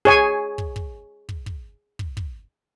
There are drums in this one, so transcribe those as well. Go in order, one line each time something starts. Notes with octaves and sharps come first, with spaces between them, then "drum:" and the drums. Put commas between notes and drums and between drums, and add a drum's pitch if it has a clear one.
G#4 C#5 G#5, drum: kick
drum: kick
drum: kick
drum: kick
drum: kick
drum: kick
drum: kick